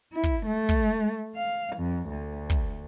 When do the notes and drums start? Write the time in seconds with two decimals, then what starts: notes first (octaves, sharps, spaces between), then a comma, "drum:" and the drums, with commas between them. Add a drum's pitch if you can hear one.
0.13 E4
0.23 drum: kick, hi-hat
0.46 A3
0.69 drum: kick, hi-hat
1.35 F5
1.76 F2
2.09 D2
2.50 drum: kick, hi-hat